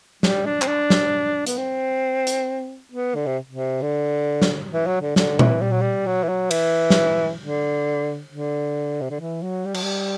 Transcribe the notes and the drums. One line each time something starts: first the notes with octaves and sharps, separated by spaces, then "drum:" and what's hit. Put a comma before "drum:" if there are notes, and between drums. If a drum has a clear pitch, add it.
G3, drum: snare
D4
C4, drum: clap
D4
drum: snare
B3, drum: hi-hat
C4
drum: hi-hat
B3
D3
C3
C3
D3
drum: snare
E3
F#3
D3
D3, drum: snare
E3, drum: tom A#2
G3
F#3
G3
F#3
E3
F#3
E3, drum: cymbal
drum: snare
D3
D3
C3
D3
E3
F#3
G3
F#3, drum: cymbal
G3